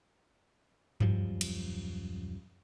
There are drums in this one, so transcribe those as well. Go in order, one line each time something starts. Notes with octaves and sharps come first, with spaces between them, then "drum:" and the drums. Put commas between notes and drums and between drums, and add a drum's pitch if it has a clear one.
D#1 F#2 F3 G3, drum: tom G2
drum: cymbal